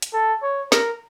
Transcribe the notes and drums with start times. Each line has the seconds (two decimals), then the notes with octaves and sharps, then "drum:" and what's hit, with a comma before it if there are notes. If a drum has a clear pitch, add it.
0.02 drum: hi-hat
0.13 A4
0.43 C#5
0.72 A#4, drum: snare